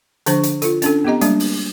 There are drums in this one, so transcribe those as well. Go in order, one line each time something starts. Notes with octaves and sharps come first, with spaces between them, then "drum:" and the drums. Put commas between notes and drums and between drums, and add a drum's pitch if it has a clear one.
D3 F3 D4 C5 C#6, drum: hi-hat
drum: hi-hat
F4 A4, drum: hi-hat
C#4 D4 A4, drum: hi-hat
B3 C4 G4 D#5 A#5
G3 G#3 A#3 D4, drum: hi-hat
drum: open hi-hat